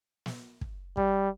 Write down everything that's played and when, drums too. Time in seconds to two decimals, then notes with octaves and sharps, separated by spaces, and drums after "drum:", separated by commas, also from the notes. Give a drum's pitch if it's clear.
0.26 drum: snare
0.61 drum: kick
0.97 G3, drum: kick